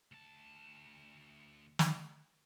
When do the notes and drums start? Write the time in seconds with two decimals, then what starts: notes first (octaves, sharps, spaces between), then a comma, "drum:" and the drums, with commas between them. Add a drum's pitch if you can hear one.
0.12 D2 A5
1.79 drum: snare